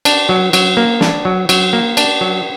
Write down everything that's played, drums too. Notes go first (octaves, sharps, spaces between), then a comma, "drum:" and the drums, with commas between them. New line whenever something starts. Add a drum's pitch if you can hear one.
D4, drum: cymbal
F#3
F#3, drum: cymbal
A#3
D4, drum: snare
F#3
F#3, drum: cymbal
A#3
D4, drum: cymbal
F#3